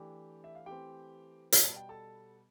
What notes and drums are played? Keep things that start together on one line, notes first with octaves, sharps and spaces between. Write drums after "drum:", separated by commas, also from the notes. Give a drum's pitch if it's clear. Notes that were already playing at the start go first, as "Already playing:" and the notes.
Already playing: E3 A3 D4 G4 G5
E5
F5
E3 A3 C4 G4 G5
B2 G3 B3, drum: hi-hat
A5
G5
A4 A5